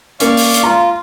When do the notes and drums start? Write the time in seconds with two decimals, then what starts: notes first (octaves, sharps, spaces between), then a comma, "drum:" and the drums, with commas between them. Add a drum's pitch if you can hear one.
0.20 A#3 C#4 D5 F5 C#6, drum: hi-hat
0.37 drum: open hi-hat
0.54 drum: hi-hat
0.63 F4 A#5 C6